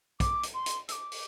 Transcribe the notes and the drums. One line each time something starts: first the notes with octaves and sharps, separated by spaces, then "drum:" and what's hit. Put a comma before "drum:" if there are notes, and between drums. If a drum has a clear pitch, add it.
D6, drum: kick, hi-hat
drum: hi-hat
C6
drum: hi-hat
E6, drum: hi-hat
D6
drum: open hi-hat